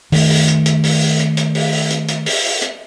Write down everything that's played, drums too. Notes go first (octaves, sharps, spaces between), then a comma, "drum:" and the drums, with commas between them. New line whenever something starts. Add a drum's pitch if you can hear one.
D#3 A3, drum: open hi-hat
drum: open hi-hat
drum: hi-hat
drum: hi-hat
drum: open hi-hat
drum: open hi-hat
drum: hi-hat
drum: hi-hat
drum: open hi-hat
drum: open hi-hat
drum: hi-hat
drum: hi-hat
drum: open hi-hat
drum: open hi-hat
drum: hi-hat